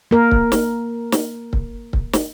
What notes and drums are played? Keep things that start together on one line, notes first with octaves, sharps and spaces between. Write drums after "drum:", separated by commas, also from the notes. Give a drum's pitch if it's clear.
A#3 A#4
drum: kick C#1
drum: snare
drum: snare
drum: kick C#1
drum: kick C#1
drum: snare